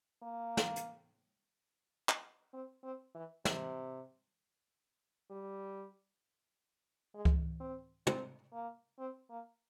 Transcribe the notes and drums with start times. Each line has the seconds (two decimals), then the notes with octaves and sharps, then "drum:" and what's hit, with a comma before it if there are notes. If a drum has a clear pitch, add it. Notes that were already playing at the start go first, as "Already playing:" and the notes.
0.22 A#3
0.57 drum: snare
0.76 drum: hi-hat
2.09 drum: clap
2.53 C4
2.84 C4
3.15 E3
3.45 C3, drum: snare
5.31 G3
7.14 G#3
7.25 drum: kick C#2
7.60 C4
8.07 C4, drum: tom
8.53 A#3
8.99 C4
9.30 A#3